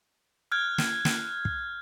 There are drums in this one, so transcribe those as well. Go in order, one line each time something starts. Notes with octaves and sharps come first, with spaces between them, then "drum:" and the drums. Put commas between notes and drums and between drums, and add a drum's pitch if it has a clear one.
F6 F#6 G#6
drum: snare
drum: snare
drum: kick